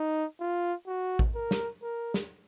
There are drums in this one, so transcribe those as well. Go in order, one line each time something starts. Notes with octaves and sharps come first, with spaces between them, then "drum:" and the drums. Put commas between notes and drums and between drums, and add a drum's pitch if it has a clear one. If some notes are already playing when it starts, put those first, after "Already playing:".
Already playing: D#4
F4
F#4
drum: kick A1
A#4
drum: snare
A#4
drum: snare